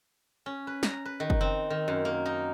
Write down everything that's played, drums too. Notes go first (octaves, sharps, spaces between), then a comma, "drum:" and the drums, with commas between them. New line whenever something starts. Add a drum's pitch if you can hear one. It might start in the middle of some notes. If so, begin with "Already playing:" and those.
C#4
B4
A#5, drum: snare
B4
D#3
drum: kick
C4
D#3
F#2
A#3
D#4